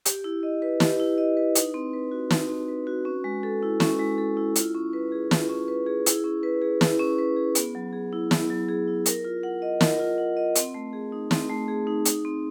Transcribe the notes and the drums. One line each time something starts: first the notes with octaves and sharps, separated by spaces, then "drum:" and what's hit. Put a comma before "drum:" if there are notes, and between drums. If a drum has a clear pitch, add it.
G4, drum: hi-hat
E4
D#5
B4
G4, drum: snare
E4
D#5
B4
D#4, drum: hi-hat
C4
B4
F#4
D#4, drum: snare
C4
B4
F#4
C#4
G#3
A4
E4
C#4, drum: snare
G#3
A4
E4
F4, drum: hi-hat
C#4
B4
G#4
F4, drum: snare
C#4
B4
G#4
E4, drum: hi-hat
C#4
B4
G#4
E4, drum: snare
C#4
B4
G#4
B3, drum: hi-hat
F#3
G#4
E4
B3, drum: snare
F#3
G#4
E4
A#4, drum: hi-hat
F4
F#5
D#5
A#4, drum: snare
F4
F#5
D#5
C4, drum: hi-hat
A3
G#4
D#4
C4, drum: snare
A3
G#4
D#4
D#4, drum: hi-hat
C4